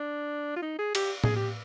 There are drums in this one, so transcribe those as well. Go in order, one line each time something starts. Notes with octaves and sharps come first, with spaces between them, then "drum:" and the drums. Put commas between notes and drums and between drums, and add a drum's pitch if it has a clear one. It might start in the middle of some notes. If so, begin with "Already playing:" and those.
Already playing: D4
F4
D#4
G#4
G4, drum: cymbal
G#4, drum: tom A2
G4